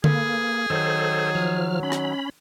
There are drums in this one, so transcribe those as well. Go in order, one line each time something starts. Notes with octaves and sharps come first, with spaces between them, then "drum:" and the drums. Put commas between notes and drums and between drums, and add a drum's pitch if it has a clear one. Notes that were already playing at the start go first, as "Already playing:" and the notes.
A#3 G#4 A4 B4, drum: tom D3
D#3 F#3 A4 C5
F3 F6
C#4 B5
drum: rim click